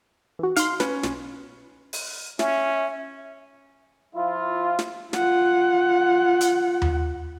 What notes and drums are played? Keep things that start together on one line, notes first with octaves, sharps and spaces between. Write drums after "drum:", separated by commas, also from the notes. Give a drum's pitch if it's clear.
E3 F#4
D#4 F5 C6, drum: hi-hat
C#4 B4, drum: snare
B1, drum: snare
drum: open hi-hat
C#4 E5, drum: snare
F3 E4 F4
drum: snare
F4 F#5, drum: snare
drum: hi-hat
drum: tom D#2